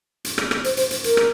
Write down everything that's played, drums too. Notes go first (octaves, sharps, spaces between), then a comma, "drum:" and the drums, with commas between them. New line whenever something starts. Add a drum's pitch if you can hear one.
drum: hi-hat
drum: rim click
drum: rim click
C5, drum: hi-hat
C5, drum: hi-hat
drum: hi-hat
A#4, drum: hi-hat
drum: rim click